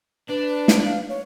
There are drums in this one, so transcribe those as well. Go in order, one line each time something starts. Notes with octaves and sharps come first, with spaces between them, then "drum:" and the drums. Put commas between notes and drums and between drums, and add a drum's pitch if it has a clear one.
D4 B4
drum: snare
F5
C#5